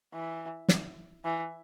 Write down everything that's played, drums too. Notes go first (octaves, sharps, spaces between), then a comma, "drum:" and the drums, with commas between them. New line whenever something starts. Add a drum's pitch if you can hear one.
E3
drum: snare
E3